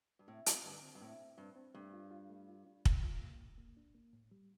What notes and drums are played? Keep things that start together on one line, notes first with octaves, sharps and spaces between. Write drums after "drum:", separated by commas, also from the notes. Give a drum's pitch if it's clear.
G2
A2 C4
C4, drum: hi-hat
G2 D3
C4
G2
A2 C4
C4
G2 C4
C4
G2 A3
F4
F4
A3
F4
D4
D#3, drum: kick
F4
A#3
A2
A#3
D4
A#3
A2
G3